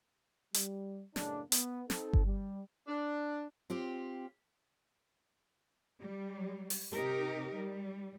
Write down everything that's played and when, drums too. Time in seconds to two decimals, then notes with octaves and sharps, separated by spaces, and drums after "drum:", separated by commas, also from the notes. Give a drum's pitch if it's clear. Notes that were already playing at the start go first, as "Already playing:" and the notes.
0.54 G3, drum: hi-hat
1.16 F#2 A2 C#3 G#3 A#3 D4, drum: snare
1.52 B3, drum: hi-hat
1.90 C4 D#4 A4, drum: snare
2.13 drum: kick G1
2.25 G3
2.88 D4
3.70 C4 F4 G4
6.00 G3
6.70 drum: open hi-hat
6.91 C3 D#4 G4 A#4
7.54 G3